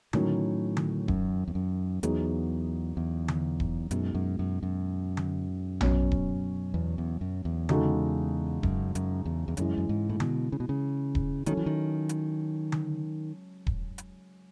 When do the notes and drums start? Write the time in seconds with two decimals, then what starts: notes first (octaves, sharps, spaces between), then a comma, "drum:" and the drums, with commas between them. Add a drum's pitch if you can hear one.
0.13 A2 D#3 F#3 C#4, drum: tom D3
0.77 drum: tom D3
1.08 F#2, drum: kick D#1
1.48 E2
1.55 F#2
2.03 E2 F#3 B3 D#4 G#4, drum: hi-hat
2.97 E2
3.28 drum: tom D3
3.60 drum: kick D#1
3.91 F#2 B2 G#3 D#4, drum: hi-hat
4.15 F#2
4.39 F#2
4.63 F#2
5.17 drum: tom D3
5.81 B2 F#3 C#4, drum: tom A#1
6.11 drum: kick D#1
6.74 E2
6.98 E2
7.21 F#2
7.45 E2
7.69 C#3 G#3 D#4 F#4 A4, drum: tom D3
8.63 F#2, drum: kick D#1
8.95 F#2, drum: hi-hat
9.25 E2
9.48 E2
9.57 F#2 E3 G#3 C#4, drum: hi-hat
9.78 F#2
9.89 G#2
10.09 A2
10.20 B2, drum: tom D3
10.52 C#3
10.60 B2
10.69 C#3
11.15 drum: kick D#1
11.46 D#3 F#3 C#4 E4 A4, drum: hi-hat
11.57 E3
11.66 D#3
12.09 drum: hi-hat
12.72 drum: tom D3
13.67 drum: kick D#1
13.98 drum: hi-hat